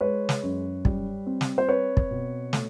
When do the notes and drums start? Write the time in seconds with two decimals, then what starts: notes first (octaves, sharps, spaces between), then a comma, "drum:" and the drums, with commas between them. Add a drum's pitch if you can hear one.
0.01 G#3 B4 C#5
0.29 drum: snare
0.43 F#2
0.85 G3, drum: kick
1.27 C4
1.41 drum: snare
1.58 C5
1.68 C4 B4 C#5
1.97 drum: kick
2.11 B2
2.53 A3, drum: snare